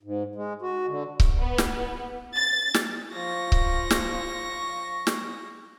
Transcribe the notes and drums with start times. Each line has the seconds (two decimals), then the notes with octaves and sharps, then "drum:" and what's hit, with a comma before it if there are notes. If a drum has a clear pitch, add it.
0.03 G#2
0.35 G#3
0.62 F#4
0.88 D3
1.20 drum: kick C#1
1.39 B3
1.58 drum: snare
2.36 A6
2.74 drum: snare
3.14 F3 C#6 A#6
3.52 drum: kick C#1
3.91 drum: snare
5.07 drum: snare